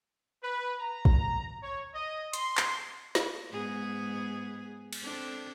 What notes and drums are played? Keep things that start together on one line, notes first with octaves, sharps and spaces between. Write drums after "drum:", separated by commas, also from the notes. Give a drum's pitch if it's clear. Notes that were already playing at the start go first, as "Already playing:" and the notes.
B4
A#5
drum: kick
C#5
D#5
C6, drum: hi-hat
drum: clap
drum: snare
G#2 B3 G#4
drum: cymbal
C4 D4 A4